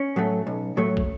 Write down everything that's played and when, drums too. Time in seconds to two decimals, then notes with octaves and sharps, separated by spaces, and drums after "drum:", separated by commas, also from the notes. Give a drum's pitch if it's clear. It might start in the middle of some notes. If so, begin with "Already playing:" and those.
Already playing: C#4
0.16 A2 F#3 A3
0.47 B1
0.77 A2 F#3 A3
0.97 drum: kick